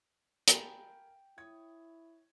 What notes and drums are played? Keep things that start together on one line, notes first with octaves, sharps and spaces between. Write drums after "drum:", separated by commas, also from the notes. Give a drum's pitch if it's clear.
A#4 F5 G5 G#5 A#5 B5, drum: hi-hat
E4 C#5 D#6 G#6